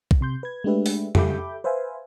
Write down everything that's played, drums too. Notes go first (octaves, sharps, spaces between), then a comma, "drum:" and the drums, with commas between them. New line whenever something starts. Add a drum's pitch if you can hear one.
drum: kick B1
C3 C6 G6
B4 G#6
G#3 A3 D4 G4 B4 E5
drum: open hi-hat
G4 A4 E5 B5 D6 G6, drum: tom
B4 C5 E5 F5 G#5